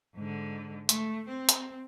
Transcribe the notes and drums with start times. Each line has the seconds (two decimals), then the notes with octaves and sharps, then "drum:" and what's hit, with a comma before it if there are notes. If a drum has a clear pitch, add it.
0.15 G#2 D3
0.89 A3, drum: hi-hat
1.28 C4
1.49 drum: hi-hat